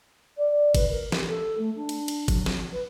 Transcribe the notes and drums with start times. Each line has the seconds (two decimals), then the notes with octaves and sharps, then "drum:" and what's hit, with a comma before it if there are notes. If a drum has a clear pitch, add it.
0.37 D5
0.75 B4, drum: kick G1, cymbal
0.89 A#4
1.12 G4, drum: snare
1.27 A4
1.57 A3
1.75 D4
1.89 drum: cymbal
2.08 drum: cymbal
2.28 F#3, drum: kick G1, cymbal
2.46 drum: snare
2.72 B4